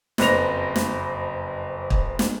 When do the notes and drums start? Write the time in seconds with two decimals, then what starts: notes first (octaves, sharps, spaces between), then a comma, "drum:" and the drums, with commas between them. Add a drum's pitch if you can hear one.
0.18 F#1 F2 B4 C5 A#6 F7, drum: snare
0.76 drum: snare
1.90 drum: kick
2.19 drum: snare